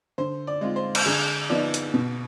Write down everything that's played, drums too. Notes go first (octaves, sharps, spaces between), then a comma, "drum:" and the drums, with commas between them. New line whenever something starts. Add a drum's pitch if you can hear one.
D3 C5
D5
G#3 C4 F4
C5
drum: cymbal
D3 G#4
F3 B3 D#4 D5
drum: hi-hat
B2